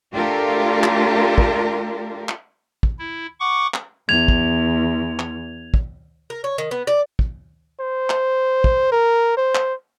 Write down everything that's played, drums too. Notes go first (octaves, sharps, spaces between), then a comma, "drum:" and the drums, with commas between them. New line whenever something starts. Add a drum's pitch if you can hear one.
A3 D4 F4 G4 A4 A#4
drum: clap
drum: kick
drum: clap
drum: kick
E4
F#5 C#6 D6
drum: clap
E2 G#6 F7
drum: kick
drum: clap
drum: kick
A#4
C#5
D#3
B3
D5
drum: kick
C5
drum: clap
drum: kick
A#4
C5
drum: clap